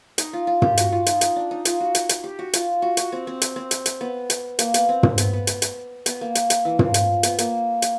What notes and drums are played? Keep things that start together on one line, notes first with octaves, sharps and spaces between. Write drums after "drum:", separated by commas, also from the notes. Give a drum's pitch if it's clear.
D#4, drum: hi-hat
F4
F4
G4, drum: tom
F#4, drum: hi-hat
F4
D#4, drum: hi-hat
drum: hi-hat
D4
D#4
F4, drum: hi-hat
F#4
drum: hi-hat
drum: hi-hat
G4
F#4
F4, drum: hi-hat
F#4
F#4, drum: hi-hat
C4
C4
drum: hi-hat
C4
drum: hi-hat
drum: hi-hat
B3
drum: hi-hat
A#3, drum: hi-hat
B3, drum: hi-hat
C4
drum: tom
B3, drum: hi-hat
B3
drum: hi-hat
drum: hi-hat
B3, drum: hi-hat
A#3
drum: hi-hat
drum: hi-hat
E3
F3, drum: tom
drum: hi-hat
B3, drum: hi-hat
A#3, drum: hi-hat
drum: hi-hat